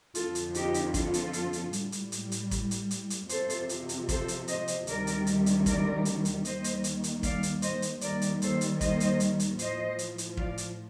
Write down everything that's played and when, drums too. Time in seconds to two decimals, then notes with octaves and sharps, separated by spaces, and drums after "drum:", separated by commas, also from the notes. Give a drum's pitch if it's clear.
0.15 F2 D3 F3 F4 A4, drum: hi-hat
0.35 drum: hi-hat
0.55 D#4 G4, drum: hi-hat
0.74 drum: hi-hat
0.94 F4 A4, drum: kick, hi-hat
1.14 drum: hi-hat
1.33 drum: hi-hat
1.53 drum: hi-hat
1.73 A2 G3, drum: hi-hat
1.92 drum: hi-hat
2.12 drum: hi-hat
2.32 drum: hi-hat
2.51 drum: kick, hi-hat
2.71 drum: hi-hat
2.91 drum: hi-hat
3.10 drum: hi-hat
3.29 F2 C3 F3 A4 C5, drum: hi-hat
3.50 drum: hi-hat
3.69 drum: hi-hat
3.89 drum: hi-hat
4.09 A4 C5, drum: kick, hi-hat
4.28 drum: hi-hat
4.48 C5 D#5, drum: hi-hat
4.68 drum: hi-hat
4.87 D2 C3 D#3 G3 A#4 D5, drum: hi-hat
5.07 drum: hi-hat
5.27 drum: hi-hat
5.46 drum: hi-hat
5.66 A#4 D5, drum: kick, hi-hat
6.05 drum: hi-hat
6.25 drum: hi-hat
6.45 D#2 D#3 G3 C5 D#5, drum: hi-hat
6.64 drum: hi-hat
6.84 drum: hi-hat
7.04 drum: hi-hat
7.23 D5 F5, drum: kick, hi-hat
7.43 drum: hi-hat
7.62 C5 D#5, drum: hi-hat
7.82 drum: hi-hat
8.01 D#2 D#3 G3 A#4 D5, drum: hi-hat
8.22 drum: hi-hat
8.42 A4 C5, drum: hi-hat
8.61 drum: hi-hat
8.81 C5 D#5, drum: kick, hi-hat
9.00 drum: hi-hat
9.20 drum: hi-hat
9.40 drum: hi-hat
9.59 A2 F3 C5 D#5, drum: hi-hat
9.99 drum: hi-hat
10.18 drum: hi-hat
10.37 D5 F5, drum: kick
10.58 drum: hi-hat